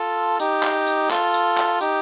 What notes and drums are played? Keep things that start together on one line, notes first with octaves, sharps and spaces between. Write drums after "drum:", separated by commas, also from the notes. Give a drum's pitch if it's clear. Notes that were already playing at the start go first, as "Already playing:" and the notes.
Already playing: F4 A4
D#4 G4, drum: hi-hat
drum: clap
drum: hi-hat
F4 A4, drum: clap
drum: hi-hat
drum: clap
D#4 G4, drum: hi-hat